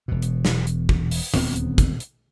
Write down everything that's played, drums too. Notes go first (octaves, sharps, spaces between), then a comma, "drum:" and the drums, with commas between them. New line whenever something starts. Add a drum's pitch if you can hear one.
E1 B2
drum: hi-hat
drum: snare
drum: hi-hat
drum: kick
drum: open hi-hat
D#1 D2 B3 C4, drum: tom D#3
drum: hi-hat
drum: kick, hi-hat
drum: hi-hat